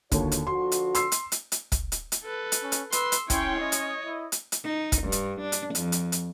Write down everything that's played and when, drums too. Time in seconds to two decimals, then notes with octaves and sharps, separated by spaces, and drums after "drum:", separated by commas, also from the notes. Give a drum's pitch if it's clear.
0.12 D#2 D3 F4 F#4 C#5, drum: kick, hi-hat
0.32 drum: hi-hat
0.47 D3 F3 F#4 C6
0.72 drum: hi-hat
0.95 C6 E6 C7, drum: hi-hat
1.12 drum: hi-hat
1.32 drum: hi-hat
1.52 drum: hi-hat
1.72 drum: kick, hi-hat
1.92 drum: hi-hat
2.12 drum: hi-hat
2.23 A4 B4
2.52 drum: hi-hat
2.63 C#4
2.72 drum: hi-hat
2.92 B4 C6 E6, drum: hi-hat
3.12 drum: hi-hat
3.30 C#4 E4 C#5 G5 C6, drum: kick, hi-hat
3.60 C#4 D#5
3.72 drum: hi-hat
4.05 E4
4.32 drum: hi-hat
4.52 drum: hi-hat
4.64 D#4
4.92 drum: kick, hi-hat
5.03 G2
5.12 drum: hi-hat
5.41 D4
5.52 drum: hi-hat
5.75 F2, drum: hi-hat
5.92 drum: hi-hat
6.12 drum: hi-hat